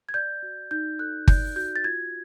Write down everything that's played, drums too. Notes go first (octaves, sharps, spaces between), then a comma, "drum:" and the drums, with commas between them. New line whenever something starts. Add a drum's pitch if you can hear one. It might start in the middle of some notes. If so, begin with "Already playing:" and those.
G#6
D5 G6
F#4
D#4 G6
A4 F#6
D5 G6, drum: kick G1
F#4 G6
A6
F4 G#6